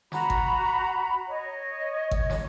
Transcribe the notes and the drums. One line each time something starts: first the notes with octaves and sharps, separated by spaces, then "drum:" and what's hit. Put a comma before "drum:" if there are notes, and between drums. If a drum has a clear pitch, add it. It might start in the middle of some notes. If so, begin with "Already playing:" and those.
F#4 A#5 B5, drum: snare
drum: kick G#1
C#5 D#5
drum: kick G#1
drum: snare